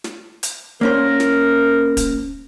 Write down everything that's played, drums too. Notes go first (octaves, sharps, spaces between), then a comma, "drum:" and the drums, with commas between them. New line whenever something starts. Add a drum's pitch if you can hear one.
drum: snare
drum: hi-hat
A#3 C#4 A#4 C5
drum: snare
drum: kick, hi-hat